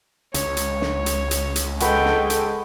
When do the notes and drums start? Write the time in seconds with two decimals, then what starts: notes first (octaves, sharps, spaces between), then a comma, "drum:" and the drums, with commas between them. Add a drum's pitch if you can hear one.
0.34 C#2 C#5, drum: hi-hat
0.57 drum: hi-hat
0.81 drum: snare
1.06 drum: hi-hat
1.31 drum: hi-hat
1.56 drum: hi-hat
1.80 G#3 A4 B4 F#5 G5 C#6, drum: hi-hat
2.05 drum: snare
2.30 drum: hi-hat